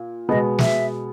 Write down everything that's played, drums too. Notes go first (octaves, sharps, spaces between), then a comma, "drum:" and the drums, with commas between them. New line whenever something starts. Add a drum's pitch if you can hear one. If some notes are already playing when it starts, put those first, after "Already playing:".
Already playing: A#2
B2 G#3 B3 D#5
E5, drum: snare